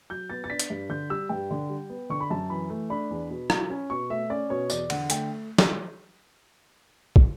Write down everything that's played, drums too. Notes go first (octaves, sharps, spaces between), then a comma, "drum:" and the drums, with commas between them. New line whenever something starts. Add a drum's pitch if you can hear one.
F#3 G6
B3 A6
A6
D4 B6
drum: hi-hat
G2
D3 G6
G3 E6
G2 G5
D3
G3
B3
D3 C#6
B5
F#2 A5
E3 B5
A3
D4 B5
E2
B2
F#3, drum: rim click
C#4
B2 C#6
A3 E5
C#4 D5
B2 C#5
E2 D5, drum: tambourine
D3 F#5, drum: cymbal
A3 G5, drum: hi-hat
drum: snare
drum: kick